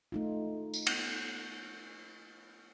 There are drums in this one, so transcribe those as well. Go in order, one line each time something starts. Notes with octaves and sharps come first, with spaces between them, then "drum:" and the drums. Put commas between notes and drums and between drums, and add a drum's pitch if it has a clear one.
A3 D#4 F4
drum: tambourine
drum: cymbal